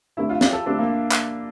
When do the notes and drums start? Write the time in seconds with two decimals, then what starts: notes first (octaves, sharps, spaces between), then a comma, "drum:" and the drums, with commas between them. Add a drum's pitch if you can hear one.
0.17 D3 A3 C4 E4 G4
0.29 F4
0.41 G4, drum: snare
0.53 A4
0.66 D3 A3 C4 D4 G4
0.78 A#3
1.12 drum: clap